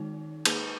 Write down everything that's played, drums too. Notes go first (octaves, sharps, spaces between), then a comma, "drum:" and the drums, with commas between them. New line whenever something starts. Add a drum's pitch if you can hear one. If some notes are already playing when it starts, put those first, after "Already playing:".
Already playing: D#3 G#3 D#4
A#3 D#4 G#4 B4, drum: cymbal